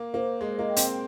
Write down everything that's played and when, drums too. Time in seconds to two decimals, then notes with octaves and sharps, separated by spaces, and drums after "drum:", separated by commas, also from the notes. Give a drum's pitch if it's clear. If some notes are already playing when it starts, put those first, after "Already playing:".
Already playing: A#3
0.14 A#3 C5
0.41 G#3 D#5
0.59 A#3
0.68 G5
0.76 C4, drum: hi-hat